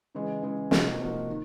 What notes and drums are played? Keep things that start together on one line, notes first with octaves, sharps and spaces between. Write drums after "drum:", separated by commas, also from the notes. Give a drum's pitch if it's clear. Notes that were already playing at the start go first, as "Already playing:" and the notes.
C#3 E3 G#3
C#3 E3 G#3
C3 F3 A#3 D#4 F#4, drum: snare
C3 F3 A#3 D#4 F#4
D#3